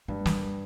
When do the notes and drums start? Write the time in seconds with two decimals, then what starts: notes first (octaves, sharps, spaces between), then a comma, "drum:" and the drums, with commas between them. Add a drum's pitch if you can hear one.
0.08 G2 G3
0.26 G3, drum: snare